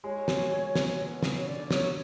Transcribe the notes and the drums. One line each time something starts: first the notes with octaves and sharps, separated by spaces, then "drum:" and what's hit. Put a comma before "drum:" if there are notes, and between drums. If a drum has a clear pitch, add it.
G#3 C#5
F#3, drum: snare
G#3
F#3, drum: snare
B2
C#3, drum: snare
C#5
D3 D5
F#3 C#5, drum: snare